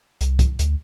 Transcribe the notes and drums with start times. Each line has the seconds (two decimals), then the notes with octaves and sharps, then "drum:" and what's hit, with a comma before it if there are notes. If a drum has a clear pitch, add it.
0.21 C2, drum: hi-hat
0.39 drum: kick C2, hi-hat
0.59 D2, drum: hi-hat